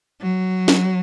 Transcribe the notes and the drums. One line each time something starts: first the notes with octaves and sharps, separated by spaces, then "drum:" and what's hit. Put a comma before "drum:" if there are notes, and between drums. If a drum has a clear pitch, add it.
F#3
drum: snare